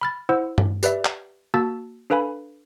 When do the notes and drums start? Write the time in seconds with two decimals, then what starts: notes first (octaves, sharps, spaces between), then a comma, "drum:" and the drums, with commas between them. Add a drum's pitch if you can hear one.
0.01 B5 F6 A6
0.29 E4 C5 F#5 E6
0.58 drum: tom G2
0.83 G4 B4 D5 E5, drum: tambourine
1.05 drum: clap
1.54 A#3 F#4 A5 E6 A6
2.10 D4 A4 B4 F5 G#5 B5